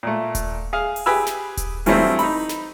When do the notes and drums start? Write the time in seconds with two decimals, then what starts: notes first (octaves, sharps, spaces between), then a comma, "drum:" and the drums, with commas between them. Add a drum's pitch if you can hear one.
0.03 A#2 A3
0.35 drum: kick D#1, hi-hat
0.73 G#4 F5
0.96 drum: open hi-hat
1.06 G4 G#4 B4 G#5 B5 E6
1.27 drum: snare
1.57 drum: kick D#1, hi-hat
1.86 G2 E3 F#3 G3 A3 C4, drum: open hi-hat
2.19 D#4 B5, drum: open hi-hat
2.49 drum: snare